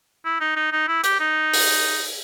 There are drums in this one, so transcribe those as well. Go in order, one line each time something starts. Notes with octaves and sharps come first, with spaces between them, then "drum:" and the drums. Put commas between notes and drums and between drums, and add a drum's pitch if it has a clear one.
E4
D#4
D#4
D#4
E4
G4, drum: hi-hat
D#4
drum: open hi-hat